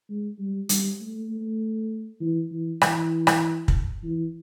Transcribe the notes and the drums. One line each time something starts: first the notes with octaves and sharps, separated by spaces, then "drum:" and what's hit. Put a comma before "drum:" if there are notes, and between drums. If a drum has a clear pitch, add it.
G#3
G3
G3, drum: hi-hat
A3
A3
E3
E3
E3, drum: rim click
drum: rim click
drum: kick
E3